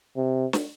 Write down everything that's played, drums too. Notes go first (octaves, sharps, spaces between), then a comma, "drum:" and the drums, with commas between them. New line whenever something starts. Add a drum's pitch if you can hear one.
C3
drum: snare